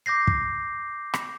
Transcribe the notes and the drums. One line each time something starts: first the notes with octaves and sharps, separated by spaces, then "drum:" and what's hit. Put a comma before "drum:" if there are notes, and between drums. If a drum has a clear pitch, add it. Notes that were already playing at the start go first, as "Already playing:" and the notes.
D6 G6 A#6 C7
drum: kick
drum: rim click